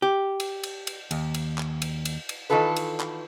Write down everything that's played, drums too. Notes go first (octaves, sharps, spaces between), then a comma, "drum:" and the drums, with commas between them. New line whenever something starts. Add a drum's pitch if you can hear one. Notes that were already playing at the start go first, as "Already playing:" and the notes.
G4
drum: cymbal
drum: cymbal
drum: cymbal
D#2, drum: cymbal
drum: cymbal
drum: clap
drum: cymbal
drum: cymbal
drum: cymbal
D#3 E3 F4 A4 B4
drum: cymbal
drum: clap